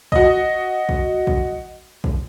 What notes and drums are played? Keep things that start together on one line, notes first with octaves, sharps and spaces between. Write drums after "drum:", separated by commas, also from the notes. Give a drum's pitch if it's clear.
F#4 D#5, drum: kick A1
drum: kick A1
drum: kick A1
drum: kick A1